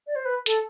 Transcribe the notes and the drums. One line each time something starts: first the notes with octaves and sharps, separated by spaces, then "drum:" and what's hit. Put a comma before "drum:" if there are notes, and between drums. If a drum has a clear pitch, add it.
D5
C5
B4
A4, drum: hi-hat